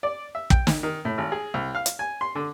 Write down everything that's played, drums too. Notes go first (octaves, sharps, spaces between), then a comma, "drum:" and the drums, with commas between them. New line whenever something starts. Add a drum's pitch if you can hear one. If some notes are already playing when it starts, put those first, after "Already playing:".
D5
E5
G5, drum: kick
drum: snare
D#3
A2
G#1
G#4
C2
F5
drum: hi-hat
G#5
C6
D3